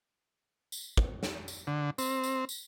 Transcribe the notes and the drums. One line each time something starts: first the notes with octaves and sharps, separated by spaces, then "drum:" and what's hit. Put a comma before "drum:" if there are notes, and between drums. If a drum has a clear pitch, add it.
drum: tambourine
drum: kick
drum: snare
drum: tambourine
D3
C4, drum: tambourine
drum: tambourine
drum: tambourine